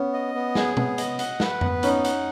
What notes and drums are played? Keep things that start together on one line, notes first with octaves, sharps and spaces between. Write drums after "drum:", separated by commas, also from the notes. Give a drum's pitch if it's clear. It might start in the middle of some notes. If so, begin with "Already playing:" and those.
Already playing: B3 C#4
D#5
B3
G#4, drum: snare
B3, drum: tom B2
D#5, drum: hi-hat
F#5, drum: hi-hat
B4, drum: snare
B3, drum: tom F2
C#4 D#4, drum: hi-hat
F#5, drum: hi-hat